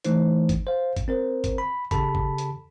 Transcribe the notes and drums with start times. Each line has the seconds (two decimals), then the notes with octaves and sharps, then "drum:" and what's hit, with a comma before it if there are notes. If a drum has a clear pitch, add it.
0.04 E3 A3 D#4 C5, drum: hi-hat
0.49 drum: kick, hi-hat
0.67 C5 F5
0.96 drum: kick, hi-hat
1.08 C4 A#4 C5
1.44 drum: kick, hi-hat
1.58 B5
1.91 C#3 G4 A4 A5 B5, drum: kick, hi-hat
2.15 drum: kick
2.38 drum: hi-hat